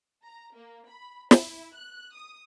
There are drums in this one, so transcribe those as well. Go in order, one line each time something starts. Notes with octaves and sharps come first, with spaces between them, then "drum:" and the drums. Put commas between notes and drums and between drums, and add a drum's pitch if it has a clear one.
A#5
A#3
B5
E4, drum: snare
F#6
D#6